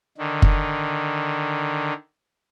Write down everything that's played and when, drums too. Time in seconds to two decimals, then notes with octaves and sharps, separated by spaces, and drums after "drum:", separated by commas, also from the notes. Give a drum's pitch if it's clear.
0.18 D3 D#3
0.42 drum: kick